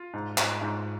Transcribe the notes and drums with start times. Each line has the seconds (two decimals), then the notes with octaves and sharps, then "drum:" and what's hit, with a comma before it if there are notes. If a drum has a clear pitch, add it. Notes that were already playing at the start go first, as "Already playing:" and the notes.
Already playing: F4
0.13 G#2
0.38 G#2, drum: clap
0.62 G#2